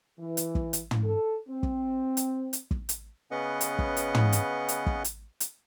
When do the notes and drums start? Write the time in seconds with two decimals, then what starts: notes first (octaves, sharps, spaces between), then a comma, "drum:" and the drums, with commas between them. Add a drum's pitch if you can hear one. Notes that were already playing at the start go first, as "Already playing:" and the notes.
0.19 E3
0.37 drum: hi-hat
0.55 drum: kick
0.73 drum: hi-hat
0.91 drum: tom
1.04 A4
1.48 C4
1.63 drum: kick
2.17 drum: hi-hat
2.53 drum: hi-hat
2.71 drum: kick
2.89 drum: hi-hat
3.31 C#3 B3 C#4 B4 D#5 F#5
3.61 drum: hi-hat
3.79 drum: kick
3.97 drum: hi-hat
4.15 drum: tom
4.33 drum: hi-hat
4.68 drum: hi-hat
4.86 drum: kick
5.04 drum: hi-hat
5.40 drum: hi-hat